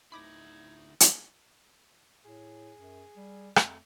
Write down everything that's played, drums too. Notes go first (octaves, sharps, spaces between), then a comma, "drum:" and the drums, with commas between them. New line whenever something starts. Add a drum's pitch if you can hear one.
D2 D#4 E4 B5 D6 G#6 A#6
drum: hi-hat
A2 G#4
F#2
G3
F2 A3, drum: rim click